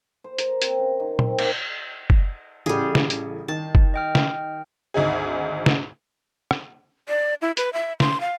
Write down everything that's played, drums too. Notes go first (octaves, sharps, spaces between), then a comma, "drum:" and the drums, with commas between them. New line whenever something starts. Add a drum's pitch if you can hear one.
C5
A#4, drum: hi-hat
C4, drum: hi-hat
C#3
D#3
C4, drum: tom A#2
A#3, drum: cymbal
drum: kick F#1
A1 C#3 G3 G#4 A4
drum: snare
drum: hi-hat
D#3 A5
drum: kick F#1
D#5 G5 F6
drum: snare
G#1 D2 D#4 G#4
drum: snare
drum: rim click
D5
E4
B4, drum: hi-hat
E5
C6, drum: snare
F5